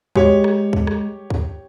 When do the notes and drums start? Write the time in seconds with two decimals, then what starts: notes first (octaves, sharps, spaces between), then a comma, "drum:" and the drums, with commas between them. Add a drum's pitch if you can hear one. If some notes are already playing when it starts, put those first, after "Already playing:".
0.16 G#3 G4 C#5, drum: kick
0.44 drum: rim click
0.73 drum: kick
0.87 drum: rim click
1.30 drum: kick